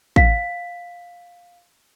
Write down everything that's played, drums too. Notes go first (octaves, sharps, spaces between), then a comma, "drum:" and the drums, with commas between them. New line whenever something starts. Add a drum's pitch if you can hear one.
F5 B6, drum: kick